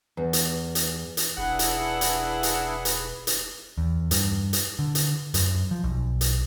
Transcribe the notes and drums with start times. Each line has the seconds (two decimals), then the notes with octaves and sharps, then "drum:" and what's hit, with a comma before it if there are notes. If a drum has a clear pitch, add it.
0.17 E2
0.33 drum: hi-hat
0.75 drum: hi-hat
1.17 drum: hi-hat
1.38 E1 D4 E4 G#4 B4 F#5
1.59 drum: hi-hat
2.01 drum: hi-hat
2.43 drum: hi-hat
2.85 drum: hi-hat
3.27 drum: hi-hat
3.78 E2
4.11 G2, drum: hi-hat
4.53 drum: hi-hat
4.79 D3
4.95 drum: hi-hat
5.34 F#2, drum: hi-hat
5.71 F3
5.84 B1
6.21 drum: hi-hat